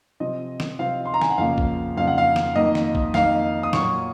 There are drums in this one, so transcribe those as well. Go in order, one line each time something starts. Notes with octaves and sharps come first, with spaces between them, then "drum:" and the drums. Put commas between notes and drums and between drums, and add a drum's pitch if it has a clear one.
C3 F3 C4 F4 D#5
drum: snare
C3 F3 C4 F4 F5
C6
A#5
G#5, drum: snare
F#5
F2 C#3 F3 A#3 F5
drum: kick
F2 C#3 F3 A#3 F5
F#5
F5
drum: snare
F2 D#3 A#3 D#5
drum: snare
drum: kick
F2 D#3 A#3 F5, drum: snare
D#6
A#2 F#3 A#3 C#6, drum: snare